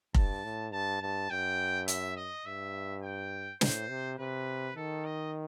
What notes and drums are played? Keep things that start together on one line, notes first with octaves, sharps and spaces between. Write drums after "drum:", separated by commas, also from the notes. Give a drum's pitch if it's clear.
G2 A5, drum: kick F1
A2
G2 A5
G2 A5
F#2 G5
E5, drum: hi-hat
D#5
G2 E5
G5
A2 C5, drum: snare
C3
C3 B4
D#3 A4
D#5